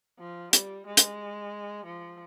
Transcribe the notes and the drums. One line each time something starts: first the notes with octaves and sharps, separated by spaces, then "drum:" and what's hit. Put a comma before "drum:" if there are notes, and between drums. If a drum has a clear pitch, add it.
F3
G3, drum: hi-hat
G#3
drum: hi-hat
F3